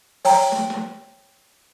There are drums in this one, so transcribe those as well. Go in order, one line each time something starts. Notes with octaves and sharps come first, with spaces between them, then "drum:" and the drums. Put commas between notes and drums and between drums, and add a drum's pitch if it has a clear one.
C#5 G5 A5 A#5, drum: open hi-hat
drum: snare
drum: snare